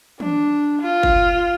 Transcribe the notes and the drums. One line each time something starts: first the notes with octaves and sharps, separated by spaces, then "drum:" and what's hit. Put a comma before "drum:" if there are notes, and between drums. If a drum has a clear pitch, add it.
D4, drum: tom
F4
drum: kick F#1